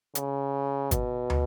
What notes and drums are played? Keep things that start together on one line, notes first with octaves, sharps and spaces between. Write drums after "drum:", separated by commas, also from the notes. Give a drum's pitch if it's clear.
C#3, drum: hi-hat
B2, drum: kick G1, hi-hat
drum: tom